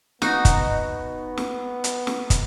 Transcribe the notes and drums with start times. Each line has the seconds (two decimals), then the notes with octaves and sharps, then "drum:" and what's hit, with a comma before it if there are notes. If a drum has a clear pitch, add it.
0.22 B3 D#4 F#4, drum: snare
0.45 drum: kick, hi-hat
1.37 drum: snare
1.84 drum: hi-hat
2.07 drum: snare
2.30 drum: kick, hi-hat